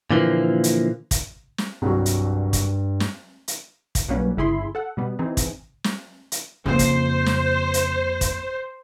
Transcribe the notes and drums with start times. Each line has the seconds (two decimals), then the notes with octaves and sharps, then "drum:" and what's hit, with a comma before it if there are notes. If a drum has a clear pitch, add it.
0.11 A#2 D3 E3 F3 A#3
0.64 drum: hi-hat
1.11 drum: kick, hi-hat
1.58 drum: snare
1.82 C2 G2 F#3
2.06 drum: hi-hat
2.53 drum: kick, hi-hat
3.00 drum: snare
3.48 drum: hi-hat
3.95 drum: kick, hi-hat
4.08 B1 F#3 G3 A#3 C#4 B4
4.37 G1 C#3 E4 G#4 B5 C6
4.75 A4 F#5
4.97 B2 G3 B3
5.19 E3 C4 D#4 G#4
5.37 drum: kick, hi-hat
5.84 drum: snare
6.32 drum: hi-hat
6.66 F2 C#3 A#3 C5
6.79 drum: kick, hi-hat
7.26 drum: snare
7.74 drum: hi-hat
8.21 drum: kick, hi-hat